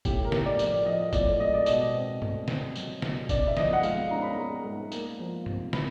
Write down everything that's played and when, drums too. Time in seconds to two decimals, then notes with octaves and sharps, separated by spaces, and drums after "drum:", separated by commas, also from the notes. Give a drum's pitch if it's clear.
0.05 A2 G4, drum: kick, tambourine
0.25 A#4
0.32 A2, drum: snare
0.45 D5
0.59 F3, drum: tambourine
0.65 D5
0.86 F3 D#5
1.13 A2 D5, drum: kick, tambourine
1.40 G#3 D#5
1.54 D5
1.66 B2 D#5, drum: tambourine
1.94 C4
2.22 A3, drum: tom G2
2.48 C4, drum: snare
2.76 F#3, drum: tambourine
3.02 B2, drum: snare
3.29 C#4 D5, drum: kick, tambourine
3.47 E5
3.57 F3 D#5, drum: snare
3.73 F#5
3.83 G#3 F5, drum: tambourine
4.11 C#4 A#5
4.22 B5
4.33 G#3 A#5
4.65 G#2
4.92 A#3, drum: tambourine
5.19 F3
5.46 C3, drum: tom G2
5.73 C3 B5, drum: snare